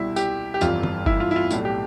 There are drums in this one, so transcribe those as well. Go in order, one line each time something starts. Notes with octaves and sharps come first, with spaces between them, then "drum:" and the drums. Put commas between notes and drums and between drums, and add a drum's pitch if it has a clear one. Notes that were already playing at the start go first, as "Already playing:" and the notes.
Already playing: C2 B2 G3 E4
G4, drum: tambourine
G4
G1 F2 E3 G3 F4, drum: tambourine
drum: tom
E4, drum: kick F#1
F4
E4
F4
B1 A2 G3 E4, drum: tambourine
G4